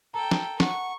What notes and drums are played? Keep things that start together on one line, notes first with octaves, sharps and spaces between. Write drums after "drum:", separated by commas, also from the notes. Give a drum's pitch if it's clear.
A4 G5 A#5
drum: snare
F#5 C#6, drum: snare